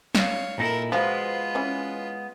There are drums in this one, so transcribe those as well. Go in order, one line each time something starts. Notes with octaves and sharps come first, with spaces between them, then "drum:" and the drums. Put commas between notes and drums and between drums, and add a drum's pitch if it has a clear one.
C#5 F5, drum: snare
A#2 D#4 E4 A4 A#4
F3 F#3 G#3 B3 F4 B4
E3 C#4 E4